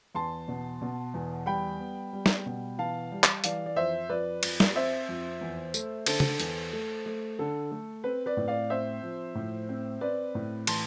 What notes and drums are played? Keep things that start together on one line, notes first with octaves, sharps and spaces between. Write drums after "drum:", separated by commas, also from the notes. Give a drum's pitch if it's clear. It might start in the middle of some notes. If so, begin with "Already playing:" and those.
E2 A5 C6
B2
B2
E2
G3 G5 B5
B3
G3
drum: snare
B2
E3 F5 A5
G3
drum: clap
E3 D5 F5, drum: hi-hat
D5
F2 C5 E5
F2 B4 D5
F2, drum: cymbal
drum: snare
C4 C5 E5
F2
E2
A3, drum: tambourine
D3 A4 C5, drum: cymbal
drum: tom C#3
E2, drum: hi-hat
A3
A3
D3 A4
A3
C4 B4
B4 D5
A2
D5 F5
C4 C5 E5
F3
A2
C4
C4 B4 D5
A2
E3 A5 C6, drum: cymbal